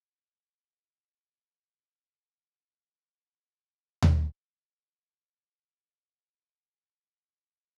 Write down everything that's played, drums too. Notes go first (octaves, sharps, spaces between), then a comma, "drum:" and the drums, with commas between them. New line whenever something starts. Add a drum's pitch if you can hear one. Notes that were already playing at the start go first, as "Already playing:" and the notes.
D4 F4
C4
G3
F#5
B5
B4
F#5
drum: tom D#2
F4
E6
G#1 A#2 F#3 G#3 C#4